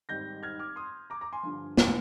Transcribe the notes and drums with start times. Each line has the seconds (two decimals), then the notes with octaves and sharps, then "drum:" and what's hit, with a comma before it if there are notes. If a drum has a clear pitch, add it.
0.09 G#2 D#3 G3 C4 G6 A#6
0.43 F6 G#6
0.59 D6 F6
0.76 C6 D#6
1.10 A#5 D6
1.21 A#5 D6
1.33 G#5 C6
1.43 G2 D3 F3
1.77 G5 A#5, drum: snare